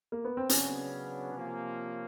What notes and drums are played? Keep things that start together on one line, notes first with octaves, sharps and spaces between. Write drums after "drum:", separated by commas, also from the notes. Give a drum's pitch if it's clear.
A#3
B3
C4
C#3 F#3 B3 C#4 D4, drum: hi-hat
C3 F3 A#3